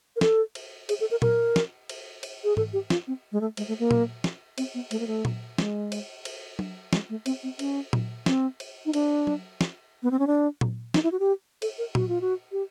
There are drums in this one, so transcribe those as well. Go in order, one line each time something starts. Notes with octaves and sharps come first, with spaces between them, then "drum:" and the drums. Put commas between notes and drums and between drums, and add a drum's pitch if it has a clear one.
A#4
A4, drum: snare
drum: cymbal
G#4, drum: cymbal
A4
A#4
A#4, drum: tom A#2
drum: snare
drum: cymbal
drum: cymbal
G#4
A4, drum: tom G#2
G4
F4, drum: snare
C4
G#3
A3
G#3, drum: cymbal
A3
A#3
drum: tom A#2
drum: snare
C4, drum: cymbal
B3
A3, drum: cymbal
A#3
A3
drum: tom A#2
G#3, drum: snare
drum: cymbal
drum: cymbal
drum: tom F#3
G#3, drum: snare
A3
C4, drum: cymbal
C4
C#4, drum: cymbal
drum: tom A#2
C4, drum: snare
drum: cymbal
D#4
D4, drum: cymbal
drum: tom F#3
drum: snare
B3
C4
C#4
D4
drum: tom A#2
D#4, drum: snare
E4
F#4
G4
A4, drum: cymbal
A#4
F#4, drum: tom A#2
F4
F#4
G4